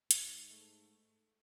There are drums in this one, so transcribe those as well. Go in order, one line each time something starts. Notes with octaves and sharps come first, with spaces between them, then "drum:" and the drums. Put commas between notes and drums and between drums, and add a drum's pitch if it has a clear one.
G#2, drum: hi-hat
A3